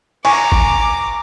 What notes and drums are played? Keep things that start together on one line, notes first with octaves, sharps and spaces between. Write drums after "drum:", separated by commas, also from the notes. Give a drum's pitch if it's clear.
G#5 A#5 C#6 D6, drum: cymbal
drum: kick